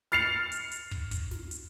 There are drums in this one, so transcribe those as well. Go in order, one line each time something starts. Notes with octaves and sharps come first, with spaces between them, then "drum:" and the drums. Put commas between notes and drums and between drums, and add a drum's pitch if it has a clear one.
F6 A6 C7 C#7 F7, drum: snare
drum: hi-hat
drum: hi-hat
drum: kick
drum: kick, hi-hat
drum: snare
drum: hi-hat